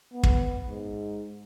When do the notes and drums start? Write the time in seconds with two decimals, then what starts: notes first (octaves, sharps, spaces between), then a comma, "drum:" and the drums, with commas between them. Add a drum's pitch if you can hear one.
0.14 B3
0.23 drum: kick
0.66 G#2